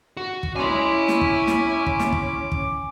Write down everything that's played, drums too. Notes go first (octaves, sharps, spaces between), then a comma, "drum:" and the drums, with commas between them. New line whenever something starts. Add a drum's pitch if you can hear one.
F#4
drum: kick
C#4 E4 G#5 C6 D6
drum: snare
drum: kick
drum: snare
drum: kick
drum: snare
drum: kick
drum: kick